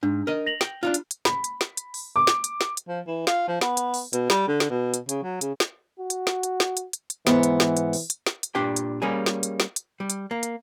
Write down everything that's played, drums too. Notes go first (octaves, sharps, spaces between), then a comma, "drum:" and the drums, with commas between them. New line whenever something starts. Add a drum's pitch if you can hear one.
G#2 D4
A#4 D#5
A#6 F7 F#7
G5, drum: snare
D4 D#4 F4
drum: hi-hat
drum: hi-hat
B5, drum: snare
drum: hi-hat
drum: snare
drum: hi-hat
drum: open hi-hat
D6
drum: snare
drum: hi-hat
drum: snare
drum: hi-hat
F3
E3
F4, drum: snare
F3
B3, drum: snare
drum: hi-hat
drum: open hi-hat
B2, drum: hi-hat
G3, drum: snare
D3
drum: snare
B2
drum: hi-hat
C#3, drum: hi-hat
F#3
C#3, drum: hi-hat
drum: snare
F#4
drum: hi-hat
drum: snare
drum: hi-hat
drum: snare
drum: hi-hat
drum: hi-hat
drum: hi-hat
G#2 E3 B3, drum: snare
drum: hi-hat
drum: snare
drum: hi-hat
drum: open hi-hat
drum: hi-hat
drum: snare
drum: hi-hat
A#2 D4 G4 G5
drum: hi-hat
G3 A#3 C#4 G#4
drum: snare
drum: hi-hat
drum: snare
drum: hi-hat
G3
drum: hi-hat
A#3
drum: hi-hat